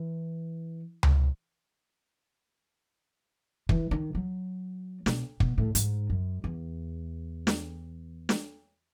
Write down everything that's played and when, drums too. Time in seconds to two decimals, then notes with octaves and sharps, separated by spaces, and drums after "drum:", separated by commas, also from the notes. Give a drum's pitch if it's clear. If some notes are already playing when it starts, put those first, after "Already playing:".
Already playing: E3
1.03 drum: tom C#2
3.69 E3, drum: kick
3.91 D#3
4.15 F#3
5.06 B2, drum: snare
5.40 B2, drum: kick
5.58 A2
5.75 G#2, drum: hi-hat
6.10 F#2
6.44 E2
7.47 drum: snare
8.29 drum: snare